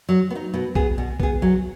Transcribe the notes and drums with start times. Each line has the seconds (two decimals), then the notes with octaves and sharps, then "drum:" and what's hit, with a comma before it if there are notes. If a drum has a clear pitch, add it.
0.09 F#3
0.30 B3
0.35 D#4
0.54 B2
0.75 B3 G#4, drum: kick B1
0.98 B2
1.20 B3 G#4, drum: kick B1
1.42 F#3